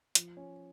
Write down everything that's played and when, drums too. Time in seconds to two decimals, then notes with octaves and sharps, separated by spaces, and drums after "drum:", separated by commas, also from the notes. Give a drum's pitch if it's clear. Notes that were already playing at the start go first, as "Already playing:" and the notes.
0.15 F3, drum: hi-hat
0.37 C#4